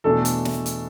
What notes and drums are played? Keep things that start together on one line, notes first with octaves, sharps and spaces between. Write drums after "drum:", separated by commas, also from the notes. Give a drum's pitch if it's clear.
E2 B2 A3 D4 A4
drum: hi-hat
drum: snare
drum: hi-hat